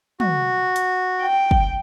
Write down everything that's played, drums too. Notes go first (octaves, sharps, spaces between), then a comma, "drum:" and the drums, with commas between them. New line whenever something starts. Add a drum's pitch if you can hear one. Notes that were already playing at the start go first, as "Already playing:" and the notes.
F#4, drum: tom
drum: hi-hat
G5
drum: kick